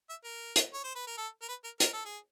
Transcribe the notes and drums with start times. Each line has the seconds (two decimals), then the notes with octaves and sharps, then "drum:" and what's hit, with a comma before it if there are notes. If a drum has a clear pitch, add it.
0.10 E5
0.24 A#4
0.56 drum: hi-hat
0.74 C#5
0.84 C5
0.96 B4
1.07 A#4
1.18 A4
1.42 A#4
1.49 B4
1.64 A#4
1.80 A#4, drum: hi-hat
1.93 A4
2.05 G#4